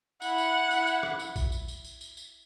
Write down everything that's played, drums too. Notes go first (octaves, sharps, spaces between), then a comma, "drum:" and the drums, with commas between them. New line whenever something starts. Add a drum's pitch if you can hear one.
E4 F#5, drum: tambourine
drum: tambourine
E4, drum: tambourine
drum: tambourine
drum: rim click
drum: tambourine
drum: kick A#1, tambourine
drum: tambourine
drum: tambourine
drum: tambourine
drum: tambourine
drum: tambourine